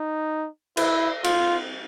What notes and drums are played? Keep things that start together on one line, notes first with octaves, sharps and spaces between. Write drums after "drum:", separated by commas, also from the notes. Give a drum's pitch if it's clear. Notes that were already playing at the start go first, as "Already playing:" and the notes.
Already playing: D#4
E4, drum: cymbal
F4, drum: cymbal